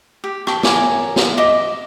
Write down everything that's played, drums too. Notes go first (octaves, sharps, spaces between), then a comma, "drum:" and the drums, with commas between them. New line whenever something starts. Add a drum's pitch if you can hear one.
G4
G5 A5, drum: rim click
A#4 C#5 G#5 D6, drum: snare
drum: snare
D#5 E5 D6